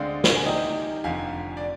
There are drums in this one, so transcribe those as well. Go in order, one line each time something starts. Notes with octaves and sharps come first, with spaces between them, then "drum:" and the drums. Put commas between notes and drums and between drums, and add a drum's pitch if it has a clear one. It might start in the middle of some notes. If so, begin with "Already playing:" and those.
Already playing: D2 D3 G#3 C4 D5 F5
drum: snare
G#5
C2 C3 D#3 D#5 G5
F1 F2 D3 F5 G#5
D5